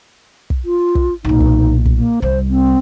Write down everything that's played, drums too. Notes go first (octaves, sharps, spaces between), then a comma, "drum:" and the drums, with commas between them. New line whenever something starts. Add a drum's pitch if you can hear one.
drum: kick
F4
drum: kick
B1 A#2 D#4
drum: kick
drum: kick
A#3
C2 G3 C5
C4